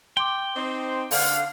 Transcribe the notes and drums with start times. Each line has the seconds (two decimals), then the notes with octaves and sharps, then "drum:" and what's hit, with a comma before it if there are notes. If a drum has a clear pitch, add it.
0.17 G5 C6 D6
0.56 C4 D#4 C5
1.11 D3 F5 F#5, drum: open hi-hat